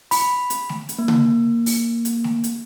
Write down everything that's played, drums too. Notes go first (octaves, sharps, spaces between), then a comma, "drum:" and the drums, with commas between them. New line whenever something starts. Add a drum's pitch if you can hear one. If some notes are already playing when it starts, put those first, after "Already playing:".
B5, drum: open hi-hat
drum: hi-hat
drum: snare A3
drum: hi-hat
A#3
drum: tom C#3
drum: open hi-hat
drum: hi-hat
drum: snare A3
drum: hi-hat